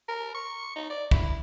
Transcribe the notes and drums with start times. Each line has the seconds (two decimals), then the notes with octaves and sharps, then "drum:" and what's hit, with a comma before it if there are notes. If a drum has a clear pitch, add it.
0.08 A#4
0.35 C#6
0.76 D#4
0.90 D5
1.11 E4, drum: kick